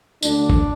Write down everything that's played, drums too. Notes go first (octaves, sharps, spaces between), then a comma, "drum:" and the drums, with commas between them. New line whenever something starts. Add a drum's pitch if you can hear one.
D2 D3 D4, drum: tambourine
drum: kick